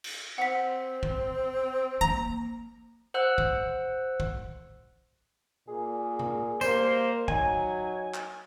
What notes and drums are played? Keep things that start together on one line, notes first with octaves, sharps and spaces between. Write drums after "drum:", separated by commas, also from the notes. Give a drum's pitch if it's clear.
drum: cymbal
C4 F#5 B6
drum: kick
A#3 A#5
C5 F#5 E6 F#6
drum: kick
drum: kick
A#2 G#4
drum: tom C3
G3 A#3 C5, drum: tambourine
F#3 D#4 G#5, drum: kick
drum: clap